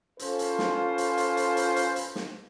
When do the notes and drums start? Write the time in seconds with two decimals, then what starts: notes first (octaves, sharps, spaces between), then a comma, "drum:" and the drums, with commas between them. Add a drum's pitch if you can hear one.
0.19 C#4 F4 A4 B4 C5, drum: hi-hat
0.39 drum: hi-hat
0.59 drum: snare
0.98 drum: hi-hat
1.17 drum: hi-hat
1.37 drum: hi-hat
1.57 drum: hi-hat
1.76 drum: hi-hat
1.96 drum: hi-hat
2.16 drum: snare